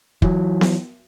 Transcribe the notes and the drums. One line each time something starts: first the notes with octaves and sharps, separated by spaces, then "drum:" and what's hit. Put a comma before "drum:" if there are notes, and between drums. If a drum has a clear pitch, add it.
E3 F#3, drum: kick
drum: snare B3